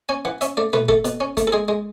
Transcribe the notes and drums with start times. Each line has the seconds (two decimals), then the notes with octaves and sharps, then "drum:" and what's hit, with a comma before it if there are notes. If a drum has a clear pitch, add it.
0.09 C#4 G#5
0.25 E3 F#5
0.41 C#4 E5, drum: hi-hat
0.57 A3 D5
0.73 A3 B4, drum: tom
0.89 A3 A4, drum: kick
1.05 B2, drum: hi-hat
1.20 C#4
1.37 A3, drum: kick, hi-hat
1.47 A4
1.52 G#3 G#4
1.68 G#3